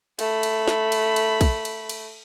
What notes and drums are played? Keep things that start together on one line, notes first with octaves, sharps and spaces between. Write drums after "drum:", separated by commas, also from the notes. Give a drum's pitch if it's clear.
A3 B5, drum: cymbal
drum: cymbal
drum: snare
drum: cymbal
drum: cymbal
drum: kick, cymbal
drum: cymbal
drum: cymbal